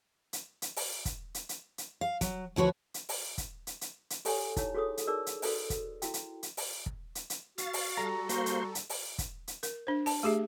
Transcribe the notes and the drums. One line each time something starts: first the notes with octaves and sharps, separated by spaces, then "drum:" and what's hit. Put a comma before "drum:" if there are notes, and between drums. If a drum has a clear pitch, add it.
drum: hi-hat
drum: hi-hat
drum: open hi-hat
drum: kick, hi-hat
drum: hi-hat
drum: hi-hat
drum: hi-hat
F5
F#3, drum: kick, hi-hat
D2 F3 F#4 B4 C#5
drum: hi-hat
drum: open hi-hat
drum: kick, hi-hat
drum: hi-hat
drum: hi-hat
drum: hi-hat
G4 A4 C#5 F#5 G#5, drum: open hi-hat
D#4 E4 C#5, drum: kick, hi-hat
F#4 G#4 A4 C#5 D#6
drum: hi-hat
D#4 G#4 A#4 D5 E6
drum: hi-hat
F#4 A4 B4 C5 D5, drum: open hi-hat
drum: kick, hi-hat
E4 F#4 G5, drum: hi-hat
drum: hi-hat
drum: hi-hat
drum: open hi-hat
drum: kick
drum: hi-hat
drum: hi-hat
F#4 F5 A6, drum: hi-hat
drum: open hi-hat
G3 A4 A#5 A#6
A#3 F#4 C5 C6, drum: hi-hat
drum: hi-hat
drum: hi-hat
drum: open hi-hat
drum: kick, hi-hat
drum: hi-hat
A#4, drum: hi-hat
D4 C5
A5, drum: open hi-hat
A3 G4 G#4 E5